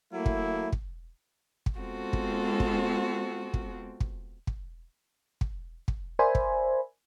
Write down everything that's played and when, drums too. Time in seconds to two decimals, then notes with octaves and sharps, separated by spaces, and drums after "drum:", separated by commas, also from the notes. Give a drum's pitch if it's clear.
0.13 F#3 A3 A#3 E4
0.26 drum: kick
0.72 drum: kick
1.66 drum: kick
1.77 G#3 B3 C4 F4 F#4 A4
2.13 drum: kick
2.60 drum: kick
3.54 drum: kick
4.00 drum: kick
4.47 drum: kick
5.41 drum: kick
5.88 drum: kick
6.19 A#4 C5 D5 E5 G#5 B5
6.35 drum: kick